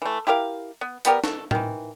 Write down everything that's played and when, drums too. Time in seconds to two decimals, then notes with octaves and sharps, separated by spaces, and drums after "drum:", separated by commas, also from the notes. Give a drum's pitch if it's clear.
0.02 E3 A3
0.27 E4 G4 A#4 F5
0.81 B3
1.05 G3 B3 G4 A#4, drum: hi-hat
1.24 A4, drum: snare
1.51 D#3 E3, drum: tom A2